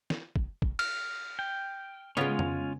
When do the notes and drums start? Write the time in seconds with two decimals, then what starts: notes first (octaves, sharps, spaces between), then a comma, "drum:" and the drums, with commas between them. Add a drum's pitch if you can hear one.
0.10 drum: snare
0.36 drum: kick
0.62 drum: kick
0.79 F6, drum: cymbal
1.39 G5
2.17 C#3 G#3 B3 C#4 F4 C#5
2.39 drum: tom F2